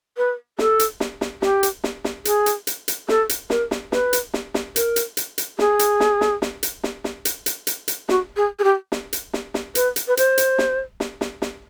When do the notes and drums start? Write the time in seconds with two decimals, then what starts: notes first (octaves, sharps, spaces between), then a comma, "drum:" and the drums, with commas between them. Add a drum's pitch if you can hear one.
0.17 B4
0.59 A4, drum: snare
0.79 drum: hi-hat
1.00 drum: snare
1.21 drum: snare
1.42 G4, drum: snare
1.63 drum: hi-hat
1.84 drum: snare
2.04 drum: snare
2.25 G#4, drum: hi-hat
2.46 drum: hi-hat
2.67 drum: hi-hat
2.88 drum: hi-hat
3.09 A4, drum: snare
3.29 drum: hi-hat
3.50 A#4, drum: snare
3.71 drum: snare
3.92 B4, drum: snare
4.13 drum: hi-hat
4.34 drum: snare
4.54 drum: snare
4.76 A#4, drum: hi-hat
4.96 drum: hi-hat
5.17 drum: hi-hat
5.38 drum: hi-hat
5.59 G#4, drum: snare
5.79 drum: hi-hat
6.00 drum: snare
6.21 drum: snare
6.42 drum: snare
6.63 drum: hi-hat
6.84 drum: snare
7.04 drum: snare
7.25 drum: hi-hat
7.46 drum: hi-hat
7.67 drum: hi-hat
7.88 drum: hi-hat
8.09 F#4, drum: snare
8.36 G#4
8.59 G#4
8.64 G4
8.92 drum: snare
9.13 drum: hi-hat
9.33 drum: snare
9.54 drum: snare
9.75 B4, drum: hi-hat
9.96 drum: hi-hat
10.07 B4
10.17 C5, drum: hi-hat
10.38 drum: hi-hat
10.58 drum: snare
11.00 drum: snare
11.21 drum: snare
11.42 drum: snare